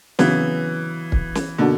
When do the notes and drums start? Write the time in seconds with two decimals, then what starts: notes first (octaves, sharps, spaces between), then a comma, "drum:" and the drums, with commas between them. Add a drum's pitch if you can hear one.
0.19 C#3 E3 F#3 B3, drum: snare
1.12 drum: kick
1.35 drum: snare
1.58 B2 D3 A#3 D4 F#4